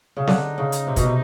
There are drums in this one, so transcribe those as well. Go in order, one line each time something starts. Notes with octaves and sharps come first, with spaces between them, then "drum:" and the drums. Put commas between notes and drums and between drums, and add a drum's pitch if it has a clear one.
C#3
D3 D#4, drum: snare C4
C#3
drum: hi-hat
C3
B2, drum: kick, hi-hat
C3